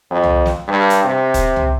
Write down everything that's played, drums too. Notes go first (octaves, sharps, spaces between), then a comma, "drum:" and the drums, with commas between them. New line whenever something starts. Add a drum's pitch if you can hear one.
F2
drum: tom C2
drum: snare
G2
drum: hi-hat
C3
drum: kick D#1, hi-hat
drum: tom C2